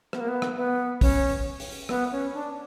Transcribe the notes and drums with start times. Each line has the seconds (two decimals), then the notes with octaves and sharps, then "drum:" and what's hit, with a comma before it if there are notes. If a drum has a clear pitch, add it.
0.13 B3, drum: rim click
0.20 A#3
0.28 B3
0.42 drum: rim click
0.57 B3
1.01 C#4, drum: kick, open hi-hat
1.60 drum: open hi-hat
1.89 B3, drum: rim click
2.12 C#4
2.34 D4